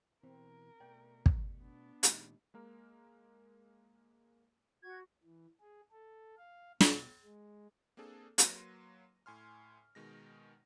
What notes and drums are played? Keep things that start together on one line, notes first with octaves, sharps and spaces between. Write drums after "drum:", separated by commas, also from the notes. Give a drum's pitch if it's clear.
B2 E3 C4 A#4
B2 A3 D5 G5
drum: kick
B3 D4
A#2 D#3 G#3 D#4 G4, drum: hi-hat
G#3 A#3 A#4
F#4 G#6
E3
G#4
A4
F5
B2, drum: snare
G#3
A#3 C4 D4 G#4 A4
F#3 A#3 B4 C6 A#6 D#7, drum: hi-hat
A2 G#5 C6 F6
B2 D#3 G#3 A#6